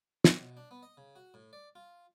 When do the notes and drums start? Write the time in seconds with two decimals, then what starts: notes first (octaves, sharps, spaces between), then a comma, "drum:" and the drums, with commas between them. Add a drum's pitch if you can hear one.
0.24 G4, drum: snare
0.40 B2
0.57 D4
0.71 B3
0.83 D#5
0.97 C#3
1.16 F#4
1.34 A2
1.53 D5
1.75 F4